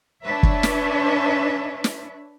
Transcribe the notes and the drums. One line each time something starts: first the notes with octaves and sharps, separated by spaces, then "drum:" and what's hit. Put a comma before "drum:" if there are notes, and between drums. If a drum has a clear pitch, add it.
D4 B4 C#5 E5
drum: kick
drum: snare
drum: snare